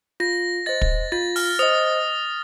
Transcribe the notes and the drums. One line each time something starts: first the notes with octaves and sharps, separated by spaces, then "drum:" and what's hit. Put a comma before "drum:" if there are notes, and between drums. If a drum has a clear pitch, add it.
F4 A#6
C5 D#5 A6
drum: kick
F4 A6
F6, drum: open hi-hat
C5 D#5 D#6